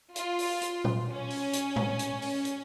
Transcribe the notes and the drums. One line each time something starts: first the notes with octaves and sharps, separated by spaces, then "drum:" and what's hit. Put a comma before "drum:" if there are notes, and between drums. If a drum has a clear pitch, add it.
F4, drum: hi-hat
drum: open hi-hat
drum: hi-hat
drum: tom A#2
C#4
drum: open hi-hat
drum: hi-hat
drum: tom
drum: hi-hat
drum: open hi-hat
drum: hi-hat